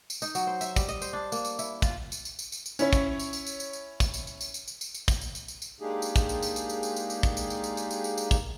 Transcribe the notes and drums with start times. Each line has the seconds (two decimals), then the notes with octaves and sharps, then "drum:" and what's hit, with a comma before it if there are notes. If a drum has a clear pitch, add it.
0.10 drum: tambourine
0.22 D#4, drum: tambourine
0.35 F#3, drum: tambourine
0.47 C5
0.61 E5, drum: tambourine
0.76 G3, drum: kick, tambourine
0.89 D#5, drum: tambourine
1.02 C5, drum: tambourine
1.13 D4
1.32 A#3, drum: tambourine
1.45 drum: tambourine
1.59 E4, drum: tambourine
1.82 F4, drum: kick, tambourine
2.12 drum: tambourine
2.25 drum: tambourine
2.39 drum: tambourine
2.52 drum: tambourine
2.66 drum: tambourine
2.79 C#4 E4 C#5, drum: tambourine
2.93 drum: kick, tambourine
3.20 drum: tambourine
3.33 drum: tambourine
3.46 drum: tambourine
3.60 drum: tambourine
3.73 drum: tambourine
4.00 drum: kick, tambourine
4.14 drum: tambourine
4.27 drum: tambourine
4.41 drum: tambourine
4.54 drum: tambourine
4.68 drum: tambourine
4.81 drum: tambourine
4.94 drum: tambourine
5.08 drum: kick, tambourine
5.21 drum: tambourine
5.35 drum: tambourine
5.48 drum: tambourine
5.62 drum: tambourine
5.81 G#3 A#3 D4 D#4 G4 G#4
6.02 drum: tambourine
6.16 drum: kick, tambourine
6.29 drum: tambourine
6.43 drum: tambourine
6.56 drum: tambourine
6.69 drum: tambourine
6.83 drum: tambourine
6.96 drum: tambourine
7.10 drum: tambourine
7.23 drum: kick, tambourine
7.37 drum: tambourine
7.50 drum: tambourine
7.64 drum: tambourine
7.77 drum: tambourine
7.91 drum: tambourine
8.04 drum: tambourine
8.18 drum: tambourine
8.31 drum: kick, tambourine